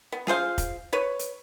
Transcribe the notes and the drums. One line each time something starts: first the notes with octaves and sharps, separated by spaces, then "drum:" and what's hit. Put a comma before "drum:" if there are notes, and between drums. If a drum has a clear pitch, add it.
B3
F4 G#4 C5 F5, drum: snare
drum: kick, hi-hat
B4 C#5
drum: hi-hat